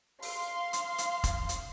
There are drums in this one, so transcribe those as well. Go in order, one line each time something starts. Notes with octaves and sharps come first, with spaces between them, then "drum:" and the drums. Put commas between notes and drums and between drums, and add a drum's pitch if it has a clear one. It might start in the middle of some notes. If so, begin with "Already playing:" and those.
F5 C6, drum: open hi-hat
drum: hi-hat
drum: hi-hat
drum: kick E1, hi-hat
drum: hi-hat